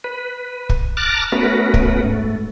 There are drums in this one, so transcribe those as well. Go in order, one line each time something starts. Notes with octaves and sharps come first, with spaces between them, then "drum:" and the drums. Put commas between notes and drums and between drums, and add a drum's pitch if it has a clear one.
B4
drum: kick
A5 A#5 D6 F6 F#6 A6
A3 B3 C#4 F#4 A#4 B4
drum: kick
G#2 A3